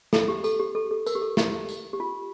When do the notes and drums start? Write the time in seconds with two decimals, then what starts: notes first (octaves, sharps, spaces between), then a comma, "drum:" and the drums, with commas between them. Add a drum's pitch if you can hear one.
0.13 A4, drum: snare
0.28 G4
0.44 A4, drum: tambourine
0.60 G4
0.75 A4
0.91 A4
1.06 A#4, drum: tambourine
1.15 G4
1.22 A4
1.37 G4, drum: snare
1.69 drum: tambourine
1.93 G4
2.00 F4